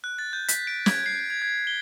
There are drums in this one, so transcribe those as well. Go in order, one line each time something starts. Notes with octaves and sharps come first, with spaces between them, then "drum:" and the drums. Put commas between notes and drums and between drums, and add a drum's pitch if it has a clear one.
F#6
A6
G6
B6, drum: hi-hat
D7
G#6, drum: snare
C7
G#6
G#6
G7